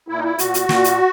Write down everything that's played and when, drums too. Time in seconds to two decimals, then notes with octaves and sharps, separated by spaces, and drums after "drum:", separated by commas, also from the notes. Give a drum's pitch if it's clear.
0.08 A#2 E4
0.19 D#4
0.24 E4
0.39 A#2 F#4, drum: hi-hat
0.54 drum: hi-hat
0.69 A#2, drum: snare
0.84 drum: hi-hat